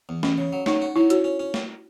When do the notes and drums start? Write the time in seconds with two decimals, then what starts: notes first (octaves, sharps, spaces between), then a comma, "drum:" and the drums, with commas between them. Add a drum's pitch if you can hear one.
0.09 E2
0.23 E2 C#4, drum: snare
0.38 C#3
0.53 F#3
0.66 F#3 D#4, drum: snare
0.82 F#4
0.96 F#3 E4
1.10 C#4 F#4, drum: hi-hat
1.24 C#4
1.40 C#4
1.54 drum: snare